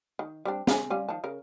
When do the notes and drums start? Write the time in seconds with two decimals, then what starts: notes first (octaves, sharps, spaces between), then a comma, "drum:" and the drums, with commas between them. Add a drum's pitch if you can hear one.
0.19 D#3
0.45 G3 C4 D4
0.67 F4 G#4, drum: snare
0.90 G3 C#4 F4
1.09 D#3 F3 A5
1.24 C#3 A#4